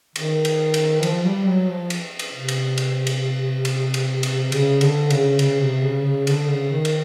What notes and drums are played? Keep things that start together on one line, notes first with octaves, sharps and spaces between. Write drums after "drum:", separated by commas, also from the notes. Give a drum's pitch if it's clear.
D#3, drum: cymbal
drum: cymbal
drum: cymbal
F3, drum: cymbal
G3
F#3
F3
drum: cymbal
drum: cymbal
C3
drum: cymbal
drum: cymbal
drum: cymbal
drum: cymbal
drum: cymbal
drum: cymbal
C#3, drum: cymbal
D3, drum: cymbal
C#3, drum: cymbal
C#3, drum: cymbal
C3
C#3
C#3
D3, drum: cymbal
C#3
D#3
drum: cymbal